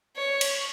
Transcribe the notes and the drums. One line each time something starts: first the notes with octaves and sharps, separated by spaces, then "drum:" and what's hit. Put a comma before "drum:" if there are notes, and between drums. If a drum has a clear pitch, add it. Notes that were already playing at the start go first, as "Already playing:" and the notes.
C#5
drum: cymbal